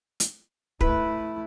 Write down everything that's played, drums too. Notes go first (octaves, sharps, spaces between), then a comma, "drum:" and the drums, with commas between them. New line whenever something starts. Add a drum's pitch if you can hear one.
drum: hi-hat
A3 E4 B4, drum: kick